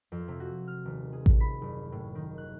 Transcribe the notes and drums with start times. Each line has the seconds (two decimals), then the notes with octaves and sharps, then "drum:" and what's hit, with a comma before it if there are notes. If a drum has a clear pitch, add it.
0.12 F2
0.28 C3
0.40 F#4
0.67 F6
0.85 D#1
1.13 G#4
1.26 drum: kick A1
1.40 B5
1.62 F#1
1.92 A2
2.15 D#3
2.38 F#6